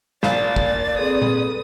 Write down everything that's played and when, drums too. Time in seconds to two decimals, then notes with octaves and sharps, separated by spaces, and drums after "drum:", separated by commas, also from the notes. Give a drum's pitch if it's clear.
0.23 A#1 A#3 D5 A6, drum: snare
0.56 drum: kick
0.96 C4 G#4 A4 B4 D#6
1.22 drum: tom A#2